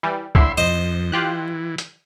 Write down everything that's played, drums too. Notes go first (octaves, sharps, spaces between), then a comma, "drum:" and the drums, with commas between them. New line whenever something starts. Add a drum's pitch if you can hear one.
E3 G3
A2 D3 E4 E5 C6, drum: kick C#2
F2 C5 D#5
E3 F4 G4 F#6
drum: hi-hat